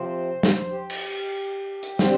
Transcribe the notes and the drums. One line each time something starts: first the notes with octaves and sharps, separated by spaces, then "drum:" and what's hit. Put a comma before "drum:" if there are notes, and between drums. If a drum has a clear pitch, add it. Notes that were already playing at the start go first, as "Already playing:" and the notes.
Already playing: C3 F3 C4 C5
drum: snare
G4
drum: cymbal
drum: hi-hat
D3 G3 C4 C5, drum: snare